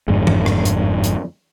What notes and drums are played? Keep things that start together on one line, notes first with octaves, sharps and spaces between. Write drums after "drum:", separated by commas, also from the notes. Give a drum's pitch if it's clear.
G1 F2 G#2 G#3
drum: tom E3
drum: rim click
drum: hi-hat
drum: hi-hat